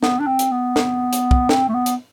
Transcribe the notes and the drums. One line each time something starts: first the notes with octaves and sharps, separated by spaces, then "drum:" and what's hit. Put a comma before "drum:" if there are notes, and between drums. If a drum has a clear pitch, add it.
B3, drum: snare
D4
C4
drum: hi-hat
B3
drum: snare
drum: hi-hat
drum: kick
C4, drum: snare
A3
B3
drum: hi-hat